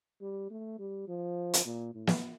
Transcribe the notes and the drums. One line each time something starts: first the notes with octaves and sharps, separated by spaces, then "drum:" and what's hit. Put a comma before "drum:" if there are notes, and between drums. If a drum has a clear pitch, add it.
G3
A3
G3
F3
drum: hi-hat
A#2
A2
drum: snare